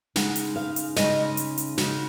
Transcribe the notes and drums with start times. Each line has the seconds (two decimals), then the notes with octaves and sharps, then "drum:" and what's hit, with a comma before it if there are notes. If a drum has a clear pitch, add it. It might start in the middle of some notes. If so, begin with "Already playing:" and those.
0.16 C#3 G#3 D#4 F#5, drum: snare
0.36 drum: hi-hat
0.56 F5
0.76 drum: hi-hat
0.96 C#3 G#3 D#4 D#5, drum: snare
1.37 drum: hi-hat
1.58 drum: hi-hat
1.78 C#3 G#3 D#4 F#4, drum: snare